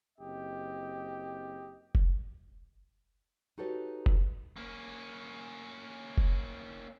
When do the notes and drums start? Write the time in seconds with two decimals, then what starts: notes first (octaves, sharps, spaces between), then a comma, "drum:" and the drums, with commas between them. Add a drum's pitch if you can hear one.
0.19 F#1 C4 G4 D#5
1.95 drum: kick F1
3.58 D#4 F#4 G4 A4 B4 C#5
4.06 drum: kick F1
4.57 A#3 C#4
6.18 drum: kick F1